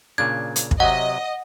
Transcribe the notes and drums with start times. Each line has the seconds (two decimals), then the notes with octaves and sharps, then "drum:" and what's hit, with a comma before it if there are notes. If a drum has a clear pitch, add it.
0.18 A#2 C#3 D4 G#6
0.56 drum: hi-hat
0.71 drum: kick
0.80 C3 F#3 D#5 F#5